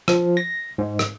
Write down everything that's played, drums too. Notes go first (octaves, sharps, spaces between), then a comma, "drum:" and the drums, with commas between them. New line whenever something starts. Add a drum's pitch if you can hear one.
F3, drum: rim click
A#6
G#2
drum: rim click